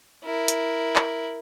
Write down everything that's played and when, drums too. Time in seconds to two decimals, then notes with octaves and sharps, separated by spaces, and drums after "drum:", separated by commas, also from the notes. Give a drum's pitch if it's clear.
0.25 E4 A#4
0.48 drum: hi-hat
0.96 drum: clap